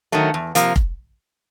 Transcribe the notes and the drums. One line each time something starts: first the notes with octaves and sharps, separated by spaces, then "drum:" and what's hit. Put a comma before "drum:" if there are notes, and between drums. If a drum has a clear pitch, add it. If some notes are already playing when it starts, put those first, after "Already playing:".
D#3 F#3 A3
E2
C3 F3 A#3, drum: hi-hat
drum: kick F1